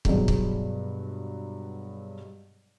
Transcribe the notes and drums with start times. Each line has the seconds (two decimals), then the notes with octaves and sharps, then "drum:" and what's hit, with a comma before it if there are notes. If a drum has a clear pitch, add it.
0.05 G2 B2 F#3 G#3, drum: kick
0.28 drum: kick